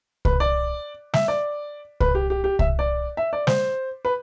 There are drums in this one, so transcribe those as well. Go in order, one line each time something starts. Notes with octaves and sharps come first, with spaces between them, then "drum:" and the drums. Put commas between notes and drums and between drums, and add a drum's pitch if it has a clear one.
B4, drum: kick C2
D5
E5, drum: snare
D5
B4, drum: kick C2
G4
G4
G4
E5, drum: kick C2
D5
E5
D5
C5, drum: snare
B4